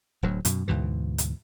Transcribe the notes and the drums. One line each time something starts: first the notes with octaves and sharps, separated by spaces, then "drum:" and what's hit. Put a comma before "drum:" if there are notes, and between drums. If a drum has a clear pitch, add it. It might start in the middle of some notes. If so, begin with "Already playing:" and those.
D1 D2 F#3
F#2 B2, drum: hi-hat
D2 G#2 B2 E3
drum: hi-hat